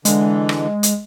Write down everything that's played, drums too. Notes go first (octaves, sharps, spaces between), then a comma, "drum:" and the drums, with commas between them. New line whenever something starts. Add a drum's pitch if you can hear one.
D3 E3 G#3, drum: hi-hat
drum: rim click
drum: hi-hat